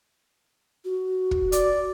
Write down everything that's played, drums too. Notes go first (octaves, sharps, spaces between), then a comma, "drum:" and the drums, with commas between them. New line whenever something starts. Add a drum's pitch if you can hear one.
F#4
drum: kick
D5, drum: hi-hat